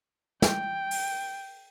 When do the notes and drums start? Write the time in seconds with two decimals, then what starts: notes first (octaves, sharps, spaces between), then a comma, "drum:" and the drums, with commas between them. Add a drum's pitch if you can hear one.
0.42 G5, drum: snare
0.91 drum: open hi-hat